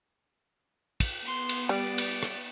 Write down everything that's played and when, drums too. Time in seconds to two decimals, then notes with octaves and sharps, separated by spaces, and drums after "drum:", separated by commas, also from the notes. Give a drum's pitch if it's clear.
1.00 drum: kick, cymbal
1.25 B3 C6
1.49 drum: cymbal
1.69 G3 D5
1.98 drum: cymbal
2.23 drum: rim click